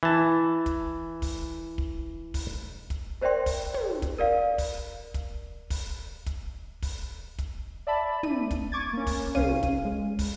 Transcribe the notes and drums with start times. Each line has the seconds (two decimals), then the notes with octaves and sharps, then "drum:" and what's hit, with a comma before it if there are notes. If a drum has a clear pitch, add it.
0.03 E3 A5
0.66 drum: kick, hi-hat
1.22 drum: kick, open hi-hat
1.78 drum: kick
2.34 drum: kick, open hi-hat
2.90 drum: kick, hi-hat
3.21 A#4 C5 D5 E5 G5 C6
3.46 drum: kick, open hi-hat
3.74 drum: tom
4.02 drum: kick, hi-hat
4.18 A#4 D5 F5
4.58 drum: kick, open hi-hat
5.14 drum: kick, hi-hat
5.70 drum: kick, open hi-hat
6.26 drum: kick, hi-hat
6.82 drum: kick, open hi-hat
7.39 drum: kick, hi-hat
7.87 D5 E5 A5 B5
8.23 D#7, drum: tom
8.51 drum: kick, hi-hat
8.72 C#6 D6 G#6 A6
8.93 A#3 C#4
9.07 drum: kick, open hi-hat
9.35 C2 C#4 F5 D#7, drum: tom
9.63 drum: kick, hi-hat
9.85 G#3
10.19 drum: kick, open hi-hat